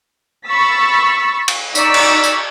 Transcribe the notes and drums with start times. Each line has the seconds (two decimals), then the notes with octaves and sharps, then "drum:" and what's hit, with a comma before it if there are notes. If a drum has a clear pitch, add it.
0.47 B5 C#6 E6 A6 B6
1.48 drum: cymbal
1.75 D#4 D5 C#6 E6 B6, drum: tambourine
1.94 drum: cymbal
2.24 drum: tambourine